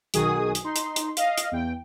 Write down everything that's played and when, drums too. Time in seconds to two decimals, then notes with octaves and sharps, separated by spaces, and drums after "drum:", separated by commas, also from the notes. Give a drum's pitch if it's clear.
0.14 B1 D#3 F#4 G#4 G#5 D#6, drum: hi-hat
0.55 drum: hi-hat
0.64 D#4 C6
0.76 drum: hi-hat
0.96 drum: hi-hat
1.17 D#5 F5, drum: hi-hat
1.38 drum: hi-hat
1.52 E2 G5